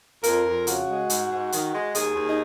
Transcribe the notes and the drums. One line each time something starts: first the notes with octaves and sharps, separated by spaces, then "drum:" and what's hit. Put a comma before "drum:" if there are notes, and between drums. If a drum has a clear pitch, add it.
F2 A#4, drum: hi-hat
F2
C#3 F#4, drum: hi-hat
G#3
G#2, drum: hi-hat
G#2
D#3, drum: hi-hat
G#3
D#2 G#4, drum: hi-hat
D#2
D#4